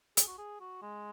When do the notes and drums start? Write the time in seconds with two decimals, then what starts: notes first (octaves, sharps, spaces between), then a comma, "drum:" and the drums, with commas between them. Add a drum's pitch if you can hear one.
0.17 G#4, drum: hi-hat
0.27 F#4
0.38 G#4
0.60 F#4
0.82 G#3